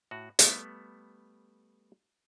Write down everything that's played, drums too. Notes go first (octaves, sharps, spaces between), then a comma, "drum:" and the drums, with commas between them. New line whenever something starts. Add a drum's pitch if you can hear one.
A2 F#4
G3 A3 B3, drum: hi-hat